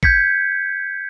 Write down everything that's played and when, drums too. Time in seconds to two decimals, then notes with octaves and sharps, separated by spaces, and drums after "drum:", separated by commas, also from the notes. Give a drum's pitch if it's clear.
0.03 G6 G#6 B6 C#7, drum: kick